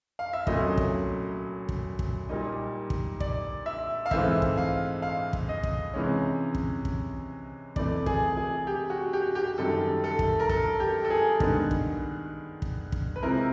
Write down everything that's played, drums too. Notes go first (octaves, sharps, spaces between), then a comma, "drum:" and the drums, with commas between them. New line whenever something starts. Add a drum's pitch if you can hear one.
F5
E5
C2 A#2 F#3 A3 C#4 D#5, drum: kick
drum: kick
drum: kick
drum: kick
A#2 G3 A#3 D#4
drum: kick
D5, drum: kick
E5
F5
G#2 E3 A3 C4 E5, drum: kick
drum: kick
F5
F5
drum: kick
D#5
drum: kick
C3 E3 G#3 C#4
drum: kick
drum: kick
C3 E3 A3 D5, drum: kick
G#4, drum: kick
G#4
G4
F#4
G4
G4
F#2 D#3 G3 A4
A4
drum: kick
A#4
A4, drum: kick
G4
A4
G#4
G2 D#3 G#3 B3, drum: kick
drum: kick
drum: kick
drum: kick
B4
C3 F3 G#3 C4 E4 A#4